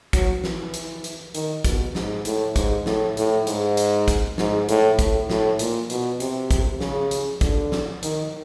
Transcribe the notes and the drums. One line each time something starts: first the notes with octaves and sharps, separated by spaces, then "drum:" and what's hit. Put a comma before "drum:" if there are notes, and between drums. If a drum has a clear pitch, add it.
F#3, drum: kick, hi-hat
E3, drum: snare
drum: hi-hat
drum: hi-hat
D#3, drum: hi-hat
B2, drum: kick, hi-hat
G#2, drum: snare
A2, drum: hi-hat
G#2, drum: kick, hi-hat
A2, drum: snare
A2, drum: hi-hat
G#2, drum: hi-hat
drum: hi-hat
drum: kick, hi-hat
G#2, drum: snare
A2, drum: hi-hat
A2, drum: kick, hi-hat
A2, drum: snare
A#2, drum: hi-hat
B2, drum: hi-hat
C3, drum: hi-hat
drum: kick, hi-hat
C#3, drum: snare
drum: hi-hat
D3, drum: kick, hi-hat
drum: snare
D#3, drum: hi-hat